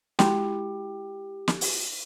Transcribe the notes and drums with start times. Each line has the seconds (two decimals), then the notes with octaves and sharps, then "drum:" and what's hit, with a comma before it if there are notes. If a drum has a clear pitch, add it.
0.19 G#3 E4 F#4 G4 G5 B5, drum: snare
1.48 drum: snare
1.61 drum: open hi-hat